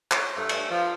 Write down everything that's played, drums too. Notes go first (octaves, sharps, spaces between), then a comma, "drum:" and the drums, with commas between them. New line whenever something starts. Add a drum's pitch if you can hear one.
C5 C#5, drum: clap
G2 A3
drum: cymbal
F3